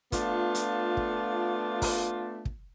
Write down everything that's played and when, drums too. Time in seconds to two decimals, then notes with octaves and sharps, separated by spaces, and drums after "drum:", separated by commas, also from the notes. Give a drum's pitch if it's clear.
0.12 A3 B3 D4 F4, drum: kick, hi-hat
0.55 drum: hi-hat
0.97 drum: kick
1.82 drum: kick, open hi-hat
2.45 drum: kick